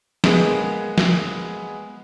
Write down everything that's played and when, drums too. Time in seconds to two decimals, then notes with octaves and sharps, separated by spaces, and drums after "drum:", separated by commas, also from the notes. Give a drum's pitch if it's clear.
0.24 G#3 A#3 B3 G#4, drum: snare
0.98 drum: snare